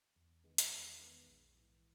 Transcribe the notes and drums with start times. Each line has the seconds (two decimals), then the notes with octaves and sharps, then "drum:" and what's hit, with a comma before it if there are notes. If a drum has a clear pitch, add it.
0.16 E2
0.44 D#3 G#3 B3
0.58 drum: hi-hat
0.72 E2
0.99 D#3 G#3 B3
1.26 A#1
1.54 G#2 E3